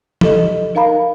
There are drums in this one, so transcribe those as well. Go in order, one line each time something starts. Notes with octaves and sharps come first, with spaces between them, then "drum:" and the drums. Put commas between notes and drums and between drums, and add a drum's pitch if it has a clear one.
G4 A4 D#5, drum: tom
D#4 A#4 F5 A#5 B5